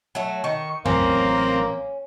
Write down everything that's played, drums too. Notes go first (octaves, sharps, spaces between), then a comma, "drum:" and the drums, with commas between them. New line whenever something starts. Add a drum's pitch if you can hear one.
F#3 A3
D#3 C#6
A1 F#3 A#3 C4 C#4, drum: tom